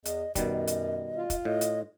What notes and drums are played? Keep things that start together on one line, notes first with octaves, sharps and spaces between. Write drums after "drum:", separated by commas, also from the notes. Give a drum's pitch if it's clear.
E2 D#5, drum: hi-hat
F#2 B2 D#3 G3 D#5, drum: kick, hi-hat
drum: hi-hat
F4
drum: kick, hi-hat
A2 D#5
drum: hi-hat